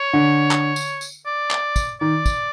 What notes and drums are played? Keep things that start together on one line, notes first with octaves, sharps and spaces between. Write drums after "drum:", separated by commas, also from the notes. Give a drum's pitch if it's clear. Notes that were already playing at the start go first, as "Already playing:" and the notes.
Already playing: C#5
D3
drum: clap
drum: tambourine
drum: tambourine
D5
drum: clap
drum: kick, tambourine
D#3 D5
drum: kick, tambourine